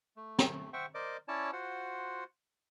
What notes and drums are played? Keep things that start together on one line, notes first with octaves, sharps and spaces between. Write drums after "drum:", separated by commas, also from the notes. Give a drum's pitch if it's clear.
A3
drum: snare
C5 E5 F#5 G5 C#6
A#4 C5 D5 D#5 D6
C#4 E4 C#5 D5 A5
F4 F#4 C5 F#5